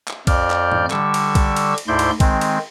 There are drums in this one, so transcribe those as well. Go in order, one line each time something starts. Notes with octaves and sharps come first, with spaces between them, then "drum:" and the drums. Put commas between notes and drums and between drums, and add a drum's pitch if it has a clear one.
drum: clap
F2 D5 F6 G6, drum: kick, cymbal
drum: clap
drum: tom
D3 G3 C#6 E6, drum: clap
drum: cymbal
drum: kick, cymbal
drum: cymbal
drum: cymbal
D2 G#2 E4 D5 C6 G6
drum: cymbal
D#3 G#3 C4, drum: kick, cymbal
drum: cymbal